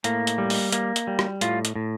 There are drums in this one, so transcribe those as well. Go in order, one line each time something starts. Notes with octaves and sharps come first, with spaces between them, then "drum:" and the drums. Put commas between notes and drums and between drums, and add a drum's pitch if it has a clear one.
A2 A#3, drum: hi-hat
drum: hi-hat
G3
drum: open hi-hat
A#3, drum: hi-hat
drum: hi-hat
G3
drum: rim click
A2 F4, drum: hi-hat
drum: hi-hat
A2